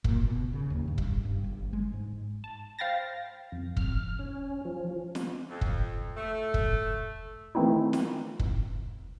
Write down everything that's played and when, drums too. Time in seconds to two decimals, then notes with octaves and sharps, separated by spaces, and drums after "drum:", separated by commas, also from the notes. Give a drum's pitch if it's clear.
0.04 A#2, drum: kick
0.25 B2
0.53 C#3
0.70 D#2
0.88 G2
0.98 drum: kick
1.25 G2
1.44 G1
1.73 G#3
1.93 G#2
2.44 A5
2.79 C5 F5 G5 B5 A6 A#6
3.52 F2
3.77 F6, drum: kick
4.19 C#4
4.65 F3
5.15 drum: snare
5.49 F2
5.61 drum: kick
6.16 A3
6.54 drum: kick
7.55 D#3 E3 A3 C4 D#4 E4
7.93 drum: snare
8.39 drum: kick